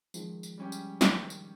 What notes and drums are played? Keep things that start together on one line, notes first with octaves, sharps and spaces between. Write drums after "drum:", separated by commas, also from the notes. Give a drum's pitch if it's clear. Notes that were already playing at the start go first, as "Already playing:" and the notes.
D#3 F3 G#3, drum: tambourine
drum: tambourine
G3 C#4 G4
drum: tambourine
D#3, drum: snare
drum: tambourine